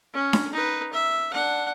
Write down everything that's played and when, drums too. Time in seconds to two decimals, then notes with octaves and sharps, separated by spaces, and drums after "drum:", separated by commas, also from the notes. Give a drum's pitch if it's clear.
0.13 C#4
0.33 drum: snare D4
0.53 D#4 B4
0.93 E5
1.32 D4 F#5